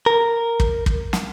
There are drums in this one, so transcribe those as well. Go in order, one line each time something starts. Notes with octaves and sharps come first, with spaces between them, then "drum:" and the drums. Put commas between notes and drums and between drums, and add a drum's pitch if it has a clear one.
A#4
drum: kick
drum: kick
drum: snare